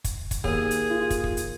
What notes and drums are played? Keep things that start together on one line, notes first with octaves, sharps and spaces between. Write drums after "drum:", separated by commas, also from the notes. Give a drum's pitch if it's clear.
drum: kick, hi-hat
drum: kick, hi-hat
D#2 G#4, drum: kick
drum: hi-hat
F4
drum: kick, hi-hat
drum: kick
drum: hi-hat